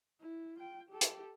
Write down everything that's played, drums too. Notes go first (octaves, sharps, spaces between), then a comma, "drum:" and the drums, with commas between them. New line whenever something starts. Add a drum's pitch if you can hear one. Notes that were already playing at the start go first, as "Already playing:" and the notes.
E4
F4 G5
G4 A4
drum: hi-hat